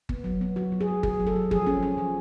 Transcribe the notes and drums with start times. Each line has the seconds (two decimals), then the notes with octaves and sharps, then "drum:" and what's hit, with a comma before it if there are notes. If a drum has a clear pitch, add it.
0.09 B3, drum: kick G1
0.24 F#3
0.41 B3
0.56 F#3 F#4
0.72 F#3
0.81 G#4
0.88 F#3
1.03 F#3 G#4, drum: kick G1
1.20 F#3
1.27 A4
1.36 F#3
1.51 F3 G#4, drum: kick G1
1.67 C#4
1.83 C#4
1.98 F3